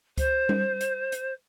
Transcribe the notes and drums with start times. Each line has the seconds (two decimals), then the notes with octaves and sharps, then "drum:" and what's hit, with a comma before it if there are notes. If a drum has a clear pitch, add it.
0.18 C5, drum: kick C#2, hi-hat
0.49 drum: tom G3
0.81 drum: hi-hat
1.12 drum: hi-hat